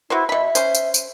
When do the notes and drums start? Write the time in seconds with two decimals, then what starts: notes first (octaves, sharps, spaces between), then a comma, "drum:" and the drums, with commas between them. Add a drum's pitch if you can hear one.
0.10 E4 F#4 B4 C5
0.29 B2 E5 B5
0.55 C#4 C5, drum: tambourine
0.75 drum: tambourine
0.94 drum: tambourine